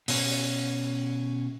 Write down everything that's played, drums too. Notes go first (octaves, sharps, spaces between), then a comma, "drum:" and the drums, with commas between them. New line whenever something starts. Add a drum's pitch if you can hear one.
B2 C#4, drum: open hi-hat